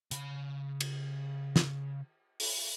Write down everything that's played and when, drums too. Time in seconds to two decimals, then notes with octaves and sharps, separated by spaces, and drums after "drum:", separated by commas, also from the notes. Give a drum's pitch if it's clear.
0.11 C#3 B5, drum: hi-hat
0.80 drum: cymbal
1.56 drum: snare
2.40 drum: open hi-hat